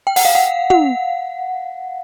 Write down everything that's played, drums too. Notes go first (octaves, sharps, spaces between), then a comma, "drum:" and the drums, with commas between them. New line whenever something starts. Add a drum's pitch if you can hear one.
G5
F#5, drum: open hi-hat
F5
F#5
F#5, drum: tom